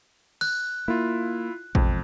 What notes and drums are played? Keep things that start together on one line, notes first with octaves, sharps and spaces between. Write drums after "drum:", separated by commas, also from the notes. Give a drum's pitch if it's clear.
F#6, drum: cymbal
A#3 E4 F4
E1 F2, drum: kick A1